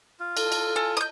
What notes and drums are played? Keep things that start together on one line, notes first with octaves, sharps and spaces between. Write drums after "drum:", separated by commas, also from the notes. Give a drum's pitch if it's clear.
F4
A4, drum: cymbal
drum: cymbal
A4 G#5
D#5 D#6 G6